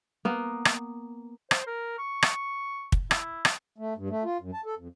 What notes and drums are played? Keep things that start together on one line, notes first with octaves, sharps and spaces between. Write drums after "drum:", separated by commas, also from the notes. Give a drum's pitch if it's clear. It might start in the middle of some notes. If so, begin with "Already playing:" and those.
A#3 B3
drum: rim click
C5, drum: rim click
A#4
C#6
drum: rim click
drum: kick
E4, drum: rim click
drum: rim click
A3
G2
A3
F4
F#2
A5
A4
F2